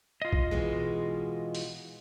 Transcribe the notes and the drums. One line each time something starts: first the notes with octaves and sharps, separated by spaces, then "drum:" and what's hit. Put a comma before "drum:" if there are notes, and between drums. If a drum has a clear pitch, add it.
F4 D#5
drum: kick A#1
B2 E3 G#3
drum: open hi-hat